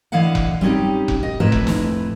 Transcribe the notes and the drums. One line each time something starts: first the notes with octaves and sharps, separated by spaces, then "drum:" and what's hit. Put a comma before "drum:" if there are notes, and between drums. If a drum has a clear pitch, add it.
D3 E3 E4 D#5 F5 F#5
drum: kick F1
G3 C4 C#4 D#4 G4
drum: kick F1
D#5
F2 A2 B4 E5 A#5
drum: kick F1
drum: snare